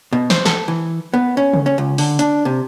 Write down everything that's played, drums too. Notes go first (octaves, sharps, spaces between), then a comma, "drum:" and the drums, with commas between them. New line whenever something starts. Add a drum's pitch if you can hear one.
B2
C5, drum: snare
A4, drum: snare
E3
B3
C#4
drum: tom C#3
C#4
C#2
D3, drum: open hi-hat
D4, drum: hi-hat
C3